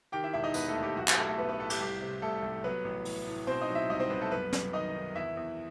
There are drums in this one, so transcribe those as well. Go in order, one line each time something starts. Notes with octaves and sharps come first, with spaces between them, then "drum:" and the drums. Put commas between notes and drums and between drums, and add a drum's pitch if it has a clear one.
D#3 G4 G5
E4 E5
E1 E4 E5
D#4 D#5
E1 B3 B4, drum: tambourine
A3 A4
D#2
G4
B1 F#4
G4, drum: clap
A2 A3 A4
A3 A4
B1 B3 B4
B3 B4
A2 A3 A4
G4, drum: cymbal
C2 G4
C3
C2 A3 A4
C2
F#3 B3 B4
A1
A2, drum: open hi-hat
A2
B2 C4 C5
D#4 D#5
F#3
E4 E5
C2 D#4 D#5
C4 C5
C2 B3 B4
A3 A4
F#2 B3 B4
F#2, drum: snare
D#3 D#4 D#5
D#3
E2 E4 E5
E2